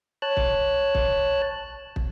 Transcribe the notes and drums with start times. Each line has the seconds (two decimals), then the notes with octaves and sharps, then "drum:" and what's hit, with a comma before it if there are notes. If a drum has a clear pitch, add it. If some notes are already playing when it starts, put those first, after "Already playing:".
0.22 C#5 A5 F#6
0.37 drum: kick
0.95 drum: kick
1.96 drum: kick